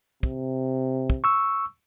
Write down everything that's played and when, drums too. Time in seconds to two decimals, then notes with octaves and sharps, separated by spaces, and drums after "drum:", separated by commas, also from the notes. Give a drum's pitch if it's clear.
0.23 C3, drum: kick
1.10 drum: kick
1.24 C#6 E6